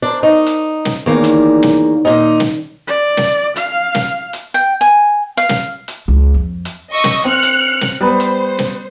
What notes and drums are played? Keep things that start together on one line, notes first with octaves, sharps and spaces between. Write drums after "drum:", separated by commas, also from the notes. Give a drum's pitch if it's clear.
D4 A#4 C5
D#4 C#6
drum: hi-hat
drum: snare
E2 D#3 A#3 C#5 D5
drum: hi-hat
drum: snare
A#2 D#4
drum: snare
D5
drum: snare
F5, drum: hi-hat
drum: snare
drum: hi-hat
G5
G#5
F5
drum: snare
drum: hi-hat
C#2
F2
drum: hi-hat
D#5 C#6 E6
drum: snare
C4 F6 F#6 C#7
drum: hi-hat
drum: snare
G3 B3 B4 C5
drum: hi-hat
drum: snare